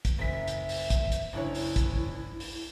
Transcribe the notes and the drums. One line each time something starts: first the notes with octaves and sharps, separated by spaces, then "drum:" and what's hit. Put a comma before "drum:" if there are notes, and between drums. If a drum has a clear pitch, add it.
drum: kick, hi-hat
F#1 E5 B6
drum: hi-hat
drum: open hi-hat
drum: kick, hi-hat
drum: hi-hat
F#1 D4 E4 C#5
drum: open hi-hat
drum: kick, hi-hat
drum: open hi-hat